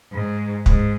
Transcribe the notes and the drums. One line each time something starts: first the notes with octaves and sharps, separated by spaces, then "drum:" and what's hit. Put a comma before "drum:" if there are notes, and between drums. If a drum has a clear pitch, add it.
G#2
G#2, drum: kick